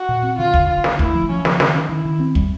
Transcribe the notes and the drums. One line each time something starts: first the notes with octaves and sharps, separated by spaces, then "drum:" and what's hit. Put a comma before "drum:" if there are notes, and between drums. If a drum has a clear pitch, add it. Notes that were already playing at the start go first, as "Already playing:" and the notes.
Already playing: F#4
A#2
C4
D3 F4
D3, drum: kick
D3 F4
D3, drum: snare
A3 E4, drum: kick
F3
F3 C#4
F3, drum: snare
D#3 D#4, drum: snare
C#4
D#3 E4
D#3
C4
G3, drum: kick